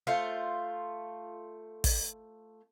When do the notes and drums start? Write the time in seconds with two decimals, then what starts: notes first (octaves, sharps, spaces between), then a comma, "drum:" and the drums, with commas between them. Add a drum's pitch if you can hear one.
0.07 A3 F4 C5
1.84 drum: kick, open hi-hat